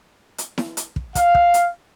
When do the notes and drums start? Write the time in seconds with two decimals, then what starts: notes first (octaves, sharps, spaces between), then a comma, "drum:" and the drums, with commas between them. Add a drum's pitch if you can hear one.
0.38 drum: hi-hat
0.58 drum: snare E4
0.77 drum: hi-hat
0.96 drum: kick
1.15 F5, drum: kick, hi-hat
1.35 drum: kick
1.54 drum: hi-hat